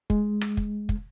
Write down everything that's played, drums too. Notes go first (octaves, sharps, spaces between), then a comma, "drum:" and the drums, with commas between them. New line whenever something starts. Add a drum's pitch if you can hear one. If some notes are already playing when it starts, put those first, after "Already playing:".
G#3, drum: kick
drum: rim click
drum: kick
drum: kick